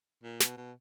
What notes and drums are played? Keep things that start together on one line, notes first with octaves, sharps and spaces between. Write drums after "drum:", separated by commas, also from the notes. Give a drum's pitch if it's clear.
A#2
B2, drum: snare
B2